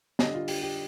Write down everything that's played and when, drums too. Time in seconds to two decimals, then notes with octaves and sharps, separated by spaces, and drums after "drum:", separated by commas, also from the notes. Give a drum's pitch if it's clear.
0.19 D3 G3 D4 D#5, drum: snare
0.34 F4
0.48 G4, drum: open hi-hat
0.62 G4